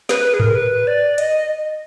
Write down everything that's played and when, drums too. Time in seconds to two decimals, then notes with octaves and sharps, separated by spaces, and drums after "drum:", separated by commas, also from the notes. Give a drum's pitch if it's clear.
0.09 B4, drum: snare
0.25 B4
0.34 G#4
0.40 A#4, drum: tom G#2
0.55 B4
0.87 D5
1.18 D#5, drum: hi-hat